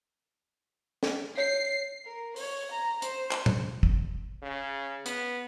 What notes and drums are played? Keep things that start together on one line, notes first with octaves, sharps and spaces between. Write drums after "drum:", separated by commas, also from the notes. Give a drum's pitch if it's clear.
drum: snare
C#5 C7
A#4
C#5, drum: open hi-hat
A#5
C5, drum: hi-hat
drum: clap
drum: tom
drum: kick
C#3
B3, drum: hi-hat